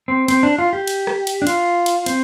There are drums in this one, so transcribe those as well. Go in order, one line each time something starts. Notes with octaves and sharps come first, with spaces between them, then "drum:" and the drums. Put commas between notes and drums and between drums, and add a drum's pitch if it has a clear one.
C4
C4, drum: cymbal
D4
F4
G4
drum: cymbal
drum: rim click
drum: cymbal
D4
F4, drum: cymbal
drum: cymbal
C4, drum: cymbal